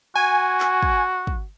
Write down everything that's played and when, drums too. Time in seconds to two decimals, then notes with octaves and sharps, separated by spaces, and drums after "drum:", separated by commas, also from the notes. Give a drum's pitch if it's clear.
0.15 F#4 G#5
0.60 drum: clap
0.83 drum: kick
1.27 drum: kick